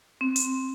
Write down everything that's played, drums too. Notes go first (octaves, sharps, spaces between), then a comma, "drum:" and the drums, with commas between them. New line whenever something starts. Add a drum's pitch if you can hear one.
C4
drum: hi-hat